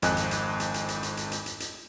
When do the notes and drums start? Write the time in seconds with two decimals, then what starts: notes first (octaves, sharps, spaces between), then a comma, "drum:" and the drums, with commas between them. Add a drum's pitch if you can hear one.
0.02 G#1 F2 D#5 G#5 F#6, drum: hi-hat
0.17 drum: hi-hat
0.31 drum: hi-hat
0.60 drum: hi-hat
0.74 drum: hi-hat
0.88 drum: hi-hat
1.03 drum: hi-hat
1.17 drum: hi-hat
1.32 drum: hi-hat
1.46 drum: hi-hat
1.60 drum: hi-hat